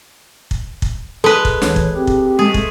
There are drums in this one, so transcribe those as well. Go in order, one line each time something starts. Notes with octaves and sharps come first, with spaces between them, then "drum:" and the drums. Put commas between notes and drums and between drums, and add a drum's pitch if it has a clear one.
drum: kick
drum: kick
G#3 A4 B4
drum: kick
D2 E3 C#5, drum: snare
drum: kick
C4 G4
drum: kick
G#3 A3 G#4
drum: kick